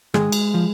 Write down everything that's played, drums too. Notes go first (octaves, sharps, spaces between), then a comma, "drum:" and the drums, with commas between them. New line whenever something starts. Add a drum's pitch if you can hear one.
G#2 D#3 G#3 G#4, drum: rim click
drum: cymbal
F3